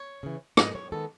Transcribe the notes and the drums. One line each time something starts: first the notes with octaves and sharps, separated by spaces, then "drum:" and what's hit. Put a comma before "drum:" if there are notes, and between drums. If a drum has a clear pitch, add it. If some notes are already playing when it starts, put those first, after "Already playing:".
Already playing: C#5
C#3 E3
G#2 D#5, drum: rim click
C#5
D#3 G#3 B3 A4